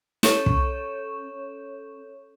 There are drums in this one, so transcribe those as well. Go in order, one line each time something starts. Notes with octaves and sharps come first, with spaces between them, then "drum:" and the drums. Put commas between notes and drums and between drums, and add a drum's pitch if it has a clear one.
C#4 A4 C#5 C#6 G6 E7, drum: snare
drum: kick